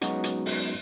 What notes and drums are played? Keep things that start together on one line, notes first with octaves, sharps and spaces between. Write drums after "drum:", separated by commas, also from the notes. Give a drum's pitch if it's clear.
F#3 G#3 B3 C#4 D#4 F#4, drum: hi-hat
drum: hi-hat
drum: open hi-hat